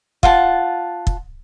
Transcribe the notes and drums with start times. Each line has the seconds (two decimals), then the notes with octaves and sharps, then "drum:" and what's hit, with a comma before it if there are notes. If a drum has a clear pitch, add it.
0.23 F4 F#5 A5, drum: kick
1.07 drum: kick